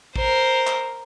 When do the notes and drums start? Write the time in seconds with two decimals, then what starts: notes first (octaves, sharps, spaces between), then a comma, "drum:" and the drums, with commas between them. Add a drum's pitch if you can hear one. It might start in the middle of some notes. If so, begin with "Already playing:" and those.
0.16 A#4 C5, drum: kick
0.67 drum: clap